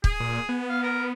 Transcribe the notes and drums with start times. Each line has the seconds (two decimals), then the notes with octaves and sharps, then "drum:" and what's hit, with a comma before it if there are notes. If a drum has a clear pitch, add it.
0.04 G#4, drum: kick
0.20 A#2
0.49 B3
0.70 F5
0.83 A#4